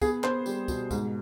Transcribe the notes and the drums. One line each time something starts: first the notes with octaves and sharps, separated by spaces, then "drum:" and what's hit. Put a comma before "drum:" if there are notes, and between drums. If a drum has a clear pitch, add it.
B3 G#4, drum: kick, tambourine
B3 C5, drum: clap
G3, drum: tambourine
B2, drum: kick, tambourine
G#2, drum: kick, tambourine